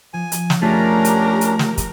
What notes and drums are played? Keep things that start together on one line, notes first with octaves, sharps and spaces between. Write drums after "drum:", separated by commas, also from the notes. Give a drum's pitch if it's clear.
F3 G#5
drum: hi-hat
drum: snare
A3 C#4 D4 F4 G4 G#4 A#4 A#5
drum: hi-hat
drum: hi-hat
drum: snare
drum: kick, hi-hat